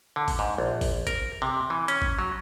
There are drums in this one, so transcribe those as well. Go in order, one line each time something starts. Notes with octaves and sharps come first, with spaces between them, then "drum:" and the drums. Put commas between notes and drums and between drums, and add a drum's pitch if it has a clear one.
D3
drum: kick, open hi-hat
G#2
A#1
drum: kick, open hi-hat
A#4, drum: kick, hi-hat
C3
E3
C#4, drum: hi-hat
drum: kick
F#3